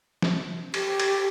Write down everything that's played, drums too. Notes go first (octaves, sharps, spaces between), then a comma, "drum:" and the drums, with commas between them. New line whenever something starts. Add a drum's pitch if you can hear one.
drum: snare
G4, drum: cymbal
drum: cymbal